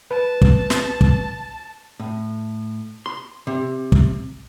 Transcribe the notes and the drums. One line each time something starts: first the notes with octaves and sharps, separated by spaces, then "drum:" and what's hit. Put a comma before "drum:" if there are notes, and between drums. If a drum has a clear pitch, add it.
B4 A5
drum: kick
drum: snare
drum: kick
A2
C6
C3
drum: kick